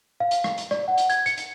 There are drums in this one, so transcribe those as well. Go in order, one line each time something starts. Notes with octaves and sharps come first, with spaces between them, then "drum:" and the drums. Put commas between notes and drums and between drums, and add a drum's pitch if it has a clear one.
F5
drum: hi-hat
drum: rim click
drum: hi-hat
D5, drum: rim click
F#5
drum: hi-hat
G#6, drum: hi-hat
C#7, drum: hi-hat
drum: hi-hat